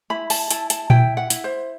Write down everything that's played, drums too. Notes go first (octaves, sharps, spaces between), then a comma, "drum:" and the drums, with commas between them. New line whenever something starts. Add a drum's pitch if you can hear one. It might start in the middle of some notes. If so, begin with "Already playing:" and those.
E4 B5
A5, drum: open hi-hat
E4 A5, drum: hi-hat
A5, drum: hi-hat
E4 G5, drum: tom A#2
F#5
E4, drum: hi-hat
C5